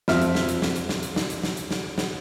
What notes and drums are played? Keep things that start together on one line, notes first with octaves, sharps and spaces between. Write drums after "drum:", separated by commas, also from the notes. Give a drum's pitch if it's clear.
F2 E5 F6, drum: snare
drum: hi-hat
drum: snare
drum: hi-hat
drum: snare
drum: hi-hat
drum: snare
drum: hi-hat
drum: snare
drum: hi-hat
drum: snare
drum: hi-hat
drum: snare
drum: snare